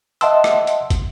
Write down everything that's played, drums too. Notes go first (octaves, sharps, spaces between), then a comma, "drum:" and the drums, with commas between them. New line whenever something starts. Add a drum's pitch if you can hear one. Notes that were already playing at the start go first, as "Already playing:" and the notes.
D#5 E5 F#5 A5 C6 E6, drum: hi-hat
drum: rim click
drum: hi-hat
drum: kick, hi-hat